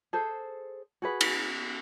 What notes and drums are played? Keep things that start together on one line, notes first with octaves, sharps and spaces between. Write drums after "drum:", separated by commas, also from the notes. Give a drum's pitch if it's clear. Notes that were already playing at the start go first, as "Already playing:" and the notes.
G#4 A4 C5
F#4 G#4 B4
drum: cymbal